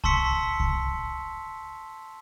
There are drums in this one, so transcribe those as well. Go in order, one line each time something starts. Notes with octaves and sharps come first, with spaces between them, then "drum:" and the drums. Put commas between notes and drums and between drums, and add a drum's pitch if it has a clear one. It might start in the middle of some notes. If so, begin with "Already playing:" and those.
A5 C6 C#6 E6 B6 C#7, drum: kick C2
drum: kick C2